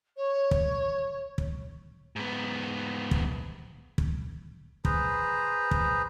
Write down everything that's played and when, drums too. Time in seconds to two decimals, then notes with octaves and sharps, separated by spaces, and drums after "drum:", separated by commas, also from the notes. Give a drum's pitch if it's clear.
0.16 C#5
0.51 drum: kick
1.38 drum: kick
2.16 G#2 B3
3.11 drum: kick
3.98 drum: kick
4.85 G#4 B4 C5 A#5, drum: kick
5.71 drum: kick